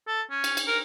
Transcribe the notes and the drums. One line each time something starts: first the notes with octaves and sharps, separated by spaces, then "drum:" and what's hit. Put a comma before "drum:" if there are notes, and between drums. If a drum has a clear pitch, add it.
A4
C#4
drum: cymbal
drum: cymbal
A#4